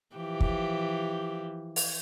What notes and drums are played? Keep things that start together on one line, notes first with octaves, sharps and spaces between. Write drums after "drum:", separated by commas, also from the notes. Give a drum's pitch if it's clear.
E3 F3 G4
drum: kick
drum: open hi-hat